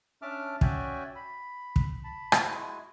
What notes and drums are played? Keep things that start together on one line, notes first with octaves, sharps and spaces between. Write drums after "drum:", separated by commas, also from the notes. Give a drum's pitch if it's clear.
C#4 D4 E5 A5 D6 F6
C#4 F#4 D5 E5 G5 G#5, drum: kick
B5
drum: kick
A5 B5
drum: rim click
G#3 E4 F#4 G#5